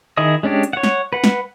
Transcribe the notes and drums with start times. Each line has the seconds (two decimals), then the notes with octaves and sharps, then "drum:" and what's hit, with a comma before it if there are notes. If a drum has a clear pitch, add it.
0.17 D#3 E4 G#4 D#5 D#6
0.43 G#3 C#4 D4 G4
0.63 drum: hi-hat
0.73 C#5 F#5
0.83 drum: snare
1.13 B4 F#5
1.24 drum: snare